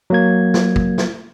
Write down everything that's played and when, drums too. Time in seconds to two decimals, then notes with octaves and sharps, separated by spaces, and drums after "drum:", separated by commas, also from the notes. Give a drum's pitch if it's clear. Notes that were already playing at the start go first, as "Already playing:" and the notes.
0.10 F#3 A#3 G#6
0.54 drum: snare
0.76 drum: kick
0.98 drum: snare